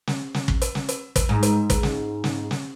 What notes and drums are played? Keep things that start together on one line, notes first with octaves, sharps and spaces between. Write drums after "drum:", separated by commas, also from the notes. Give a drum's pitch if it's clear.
drum: snare
drum: snare
drum: kick
drum: hi-hat
drum: snare
drum: hi-hat
drum: kick, hi-hat
G#2
drum: hi-hat
drum: kick, hi-hat
drum: snare
drum: snare
drum: snare